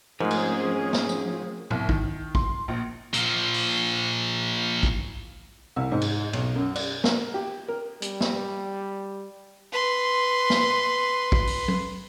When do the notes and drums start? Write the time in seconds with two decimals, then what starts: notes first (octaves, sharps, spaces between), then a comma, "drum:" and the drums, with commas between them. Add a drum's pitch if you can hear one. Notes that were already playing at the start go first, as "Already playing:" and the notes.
0.21 G#2 F3 G#3 A3 C4 C#4 G#4 A#4
0.31 drum: cymbal
0.93 drum: snare
1.09 drum: tambourine
1.70 C2, drum: tom G#2
1.89 D#3, drum: kick
2.35 C6, drum: kick
2.68 A#1
3.14 A#2 F3, drum: hi-hat
3.54 drum: open hi-hat
4.83 drum: kick
5.76 C2
5.92 G#2
6.02 drum: cymbal
6.33 B1, drum: cymbal
6.56 F#2
6.76 D5, drum: cymbal
7.04 A#4, drum: snare
7.34 G4
7.68 A#4
8.02 G3, drum: hi-hat
8.21 drum: snare
9.72 B4 C6
10.50 drum: snare
11.32 drum: kick
11.47 drum: open hi-hat
11.68 drum: tom